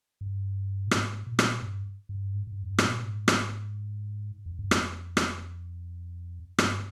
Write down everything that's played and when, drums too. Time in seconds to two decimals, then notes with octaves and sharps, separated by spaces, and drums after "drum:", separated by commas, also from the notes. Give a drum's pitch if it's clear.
0.21 G2
0.87 A#2
0.91 G#2, drum: rim click
1.27 A#2
1.39 drum: rim click
1.62 G2
2.09 G2
2.33 G#2
2.47 G#2
2.51 G2
2.62 F2
2.70 G2
2.78 G#2, drum: rim click
2.86 A#2
3.04 G#2
3.28 drum: rim click
4.46 F2
4.59 G2
4.71 F2, drum: rim click
5.17 drum: rim click
6.58 G2, drum: rim click